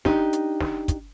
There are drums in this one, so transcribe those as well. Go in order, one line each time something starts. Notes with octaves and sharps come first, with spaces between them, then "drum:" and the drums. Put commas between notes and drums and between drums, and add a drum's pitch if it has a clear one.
D4 D#4 G4, drum: snare
drum: hi-hat
drum: snare
drum: kick, hi-hat